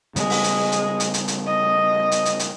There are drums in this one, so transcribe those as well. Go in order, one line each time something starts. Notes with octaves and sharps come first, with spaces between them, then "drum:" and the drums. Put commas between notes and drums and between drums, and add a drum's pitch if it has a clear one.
C#3 G3 G#3 B3, drum: hi-hat
drum: open hi-hat
drum: hi-hat
drum: hi-hat
drum: hi-hat
drum: hi-hat
drum: hi-hat
D#5
drum: hi-hat
drum: hi-hat
drum: hi-hat